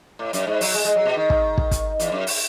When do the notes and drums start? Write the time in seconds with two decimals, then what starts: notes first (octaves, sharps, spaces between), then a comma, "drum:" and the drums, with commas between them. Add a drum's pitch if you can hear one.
0.19 A2
0.33 F#2, drum: hi-hat
0.47 G#2
0.61 F#3, drum: open hi-hat
0.74 G#3
0.85 G#3
0.96 F#3
1.05 B2
1.16 D#3
1.30 drum: kick
1.58 drum: kick
1.71 drum: kick, hi-hat
2.00 E2, drum: hi-hat
2.12 F#2
2.27 drum: open hi-hat